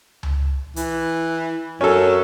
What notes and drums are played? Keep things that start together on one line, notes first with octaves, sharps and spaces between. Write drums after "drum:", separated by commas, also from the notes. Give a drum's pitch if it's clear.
drum: tom C#2
E3, drum: hi-hat
F#2 C#4 A4